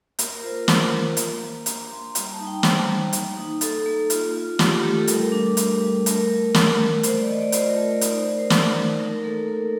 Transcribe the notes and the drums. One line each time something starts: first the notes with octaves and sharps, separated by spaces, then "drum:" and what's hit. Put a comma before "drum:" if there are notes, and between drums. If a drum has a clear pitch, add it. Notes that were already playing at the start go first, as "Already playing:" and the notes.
A#3 A#4, drum: hi-hat
A#4
F4 C5
A#4
A#3 C5, drum: snare
A#3
A#3, drum: hi-hat
A#3
D4 A#5, drum: hi-hat
A#3 C6
G3 A#5, drum: hi-hat
A5
D#4
G5
G3 C5, drum: snare
A#3
A#3, drum: hi-hat
D#4
A#3 A4, drum: hi-hat
A#3
F4, drum: hi-hat
F4
F4 G4, drum: snare
A3 G4
A4
G3 A#4, drum: hi-hat
D4
G3, drum: hi-hat
G3
A3 A#4, drum: hi-hat
A3
A3, drum: snare
A3
A3 C5, drum: hi-hat
D5
A3 D#5
D5
F4 C5, drum: hi-hat
A#4
A3
C5
D#4 D5, drum: hi-hat
C5
D#4 A#4
C5
A3, drum: snare
D#4
A#3 A#4
A#3 A4
A#3 A#4